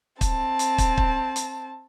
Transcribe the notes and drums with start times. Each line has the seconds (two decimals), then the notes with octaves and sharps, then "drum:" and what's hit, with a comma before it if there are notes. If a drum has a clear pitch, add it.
0.21 C4 A5, drum: kick, hi-hat
0.59 drum: hi-hat
0.78 drum: kick, hi-hat
0.97 drum: kick
1.36 drum: hi-hat